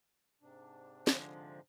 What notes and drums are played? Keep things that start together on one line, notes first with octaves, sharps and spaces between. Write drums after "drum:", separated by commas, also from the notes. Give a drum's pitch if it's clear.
G#2 C3 D4
D3 F3 G#3, drum: snare